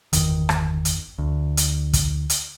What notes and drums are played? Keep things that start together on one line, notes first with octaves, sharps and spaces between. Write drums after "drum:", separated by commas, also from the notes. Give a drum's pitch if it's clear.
G1 E2 D#3, drum: hi-hat
drum: rim click
drum: hi-hat
D2
drum: hi-hat
drum: kick, hi-hat
drum: hi-hat